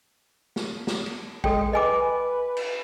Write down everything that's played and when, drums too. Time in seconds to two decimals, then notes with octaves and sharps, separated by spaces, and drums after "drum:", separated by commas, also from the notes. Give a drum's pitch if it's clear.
0.56 drum: snare
0.87 drum: snare
1.06 drum: cymbal
1.44 G#3 A4 G5, drum: kick A#1
1.73 B4 D#5 G#5 D6
2.57 drum: cymbal